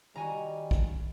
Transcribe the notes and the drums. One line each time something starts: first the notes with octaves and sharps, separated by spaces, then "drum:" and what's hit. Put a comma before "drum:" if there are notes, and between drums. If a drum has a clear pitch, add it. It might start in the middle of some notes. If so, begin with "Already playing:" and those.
D#3 G3 F#4 G#5 A#5
drum: kick